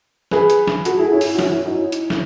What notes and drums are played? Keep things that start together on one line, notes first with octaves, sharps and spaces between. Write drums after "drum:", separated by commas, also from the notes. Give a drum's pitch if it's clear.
G#4 B4, drum: snare
drum: hi-hat
drum: snare
F#4 A4, drum: hi-hat
E4 G#4
C#4 E4
drum: open hi-hat
F#4
C#4 E4, drum: snare
C#4 E4
D#4 F#4
C#4 E4
drum: hi-hat
drum: snare